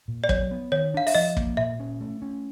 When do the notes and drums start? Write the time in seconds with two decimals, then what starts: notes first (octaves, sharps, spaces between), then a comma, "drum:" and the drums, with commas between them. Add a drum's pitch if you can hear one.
0.08 A#2
0.24 D5
0.29 F#3 C#5, drum: kick
0.51 B3
0.72 D#3 C#5
0.94 D4 F5
1.07 E5, drum: open hi-hat
1.15 F3 D#5
1.37 A#3, drum: kick
1.57 A#2 E5
1.80 C#4
2.01 A3
2.22 C#4